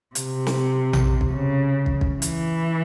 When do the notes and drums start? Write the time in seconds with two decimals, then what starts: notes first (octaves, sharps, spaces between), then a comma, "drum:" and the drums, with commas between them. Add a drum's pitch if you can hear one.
0.15 C3, drum: hi-hat
0.47 drum: snare
0.93 drum: tom A#1
1.21 drum: kick
1.33 C#3
1.86 drum: kick
2.01 drum: kick
2.22 E3, drum: hi-hat